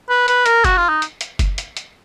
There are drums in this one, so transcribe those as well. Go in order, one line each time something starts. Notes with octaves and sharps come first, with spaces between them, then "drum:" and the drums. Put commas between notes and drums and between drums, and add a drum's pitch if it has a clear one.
B4
B4, drum: hi-hat
A#4, drum: hi-hat
F#4, drum: kick F#1, hi-hat
F4
D#4
drum: hi-hat
drum: hi-hat
drum: kick F#1, hi-hat
drum: hi-hat
drum: hi-hat